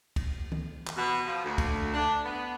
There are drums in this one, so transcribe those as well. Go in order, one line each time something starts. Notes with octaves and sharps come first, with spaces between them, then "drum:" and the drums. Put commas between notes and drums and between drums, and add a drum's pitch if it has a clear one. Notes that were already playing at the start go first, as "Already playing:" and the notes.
drum: kick C#2, cymbal
drum: tom D#3
drum: clap
B2
F3
D2
drum: kick C#2, cymbal
D4
B3